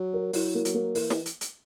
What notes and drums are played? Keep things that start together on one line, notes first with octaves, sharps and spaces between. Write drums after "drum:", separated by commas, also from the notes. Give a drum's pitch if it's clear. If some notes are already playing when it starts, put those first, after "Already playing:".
Already playing: F#3
A#4
F#3 E4, drum: open hi-hat
A#3
F#3, drum: hi-hat
A#3
E3 A#4, drum: open hi-hat
drum: snare
drum: hi-hat
drum: hi-hat